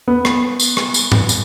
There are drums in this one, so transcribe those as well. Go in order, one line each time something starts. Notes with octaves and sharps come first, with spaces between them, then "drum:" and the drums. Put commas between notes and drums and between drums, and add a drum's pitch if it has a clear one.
B3
drum: rim click
drum: tambourine
drum: rim click
drum: tambourine
drum: tom G#2
drum: tambourine